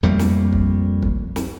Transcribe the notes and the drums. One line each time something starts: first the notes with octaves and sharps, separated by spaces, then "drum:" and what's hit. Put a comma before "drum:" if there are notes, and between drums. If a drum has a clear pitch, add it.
F2 G3 A3 A#3
drum: snare
drum: kick
drum: kick
drum: snare